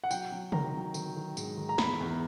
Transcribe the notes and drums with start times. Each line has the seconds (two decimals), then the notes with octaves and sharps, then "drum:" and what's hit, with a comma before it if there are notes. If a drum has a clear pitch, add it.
0.04 F#5
0.11 F#3 G5, drum: tambourine
0.32 F#3
0.52 D#3 A#5, drum: tom
0.74 F#3
0.94 D#3, drum: tambourine
1.16 D#3
1.37 G#2, drum: tambourine
1.57 D#3
1.69 A#5
1.78 E2 B5, drum: snare
2.00 E2